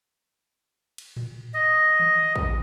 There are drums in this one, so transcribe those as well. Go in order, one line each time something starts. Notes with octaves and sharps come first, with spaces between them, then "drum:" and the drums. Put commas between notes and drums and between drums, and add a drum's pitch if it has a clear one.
drum: cymbal
drum: tom A2
D#5
drum: tom D#3
drum: kick